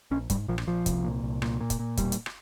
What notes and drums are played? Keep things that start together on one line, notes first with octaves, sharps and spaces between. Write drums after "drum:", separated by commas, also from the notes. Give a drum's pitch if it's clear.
A#1 C#4
G#2 G3, drum: kick, hi-hat
A#1 F3
drum: rim click
A#1 F3
C2, drum: kick, hi-hat
A#2
C2
A#2, drum: rim click
A#2
drum: kick, hi-hat
A#2
E1 G3, drum: kick, hi-hat
drum: hi-hat
drum: rim click